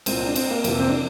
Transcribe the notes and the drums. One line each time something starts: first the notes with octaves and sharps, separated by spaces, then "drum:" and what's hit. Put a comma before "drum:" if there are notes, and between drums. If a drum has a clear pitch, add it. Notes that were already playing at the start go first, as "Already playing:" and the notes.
C2 A#2 C4, drum: cymbal
C4
D4
C4, drum: cymbal
A#3
F2 C3 E3 A#3, drum: cymbal
C4
D4